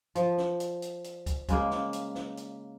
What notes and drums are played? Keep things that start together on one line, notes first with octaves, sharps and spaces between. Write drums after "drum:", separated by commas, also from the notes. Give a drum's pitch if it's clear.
F3, drum: hi-hat
drum: snare
drum: hi-hat
drum: hi-hat
drum: hi-hat
drum: kick, hi-hat
C#3 G#3 A#3, drum: kick, hi-hat
drum: snare
drum: hi-hat
drum: snare
drum: hi-hat